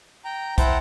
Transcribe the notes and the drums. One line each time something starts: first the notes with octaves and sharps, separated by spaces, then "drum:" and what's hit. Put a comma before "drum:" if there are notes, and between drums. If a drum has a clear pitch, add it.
G5 A#5
E4 C5 F#5 G5 A5 A#5, drum: kick, hi-hat